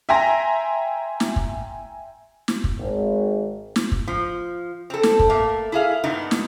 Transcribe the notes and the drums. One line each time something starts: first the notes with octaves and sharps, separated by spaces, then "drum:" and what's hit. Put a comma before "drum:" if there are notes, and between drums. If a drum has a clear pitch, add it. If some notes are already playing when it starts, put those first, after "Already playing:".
E5 G5 G#5 A#5 C6 A#6
drum: snare
drum: kick
drum: snare
drum: kick
G#1
drum: snare
drum: kick
F3
C4 A4
drum: snare
drum: kick
A3 A#3
E4 G#4 F5
G2 A#2 D#3 B3 D#4
drum: snare